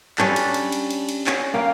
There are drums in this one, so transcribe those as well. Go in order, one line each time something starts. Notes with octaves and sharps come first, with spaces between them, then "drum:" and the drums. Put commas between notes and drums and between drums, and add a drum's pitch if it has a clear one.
G3 C#4 D4 A4, drum: clap
drum: cymbal
drum: cymbal
drum: cymbal
drum: cymbal
drum: cymbal
C#4, drum: clap
A#3 F5 G5